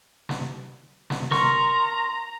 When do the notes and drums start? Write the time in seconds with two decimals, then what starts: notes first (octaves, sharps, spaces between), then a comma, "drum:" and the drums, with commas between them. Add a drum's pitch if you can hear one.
0.29 drum: snare
1.10 drum: snare
1.31 A#4 A#5 C6 C#6, drum: snare